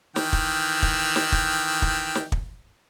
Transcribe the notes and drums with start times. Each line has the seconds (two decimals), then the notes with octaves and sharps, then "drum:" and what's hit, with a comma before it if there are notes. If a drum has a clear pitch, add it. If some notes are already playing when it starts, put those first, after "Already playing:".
0.16 D#3 E3 G5, drum: snare
0.33 drum: kick
0.82 drum: kick
1.16 drum: snare
1.32 drum: kick
1.82 drum: kick
2.15 drum: snare
2.32 drum: kick